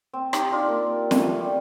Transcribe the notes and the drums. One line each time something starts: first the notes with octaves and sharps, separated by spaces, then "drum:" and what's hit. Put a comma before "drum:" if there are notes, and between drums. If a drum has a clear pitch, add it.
C4
D#4 G4, drum: rim click
D4 F4
A#3
A3, drum: snare
G3